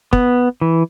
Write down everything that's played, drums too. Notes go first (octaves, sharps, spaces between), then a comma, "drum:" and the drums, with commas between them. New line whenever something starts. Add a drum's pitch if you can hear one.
B3, drum: kick
E3